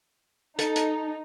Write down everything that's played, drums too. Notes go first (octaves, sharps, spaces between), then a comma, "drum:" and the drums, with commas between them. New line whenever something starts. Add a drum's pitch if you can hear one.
D#4 A4, drum: hi-hat
drum: hi-hat